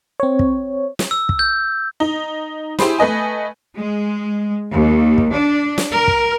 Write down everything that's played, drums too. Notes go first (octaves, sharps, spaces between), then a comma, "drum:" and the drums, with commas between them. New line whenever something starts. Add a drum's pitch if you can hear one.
C4 C#5
drum: kick
drum: snare
E6
drum: kick
G6
D#4
E4 G4 G#4 C5 B5, drum: snare
A3 B4 D#5 G#5
G#3
D#2
drum: kick
D4
drum: snare
A#4
drum: kick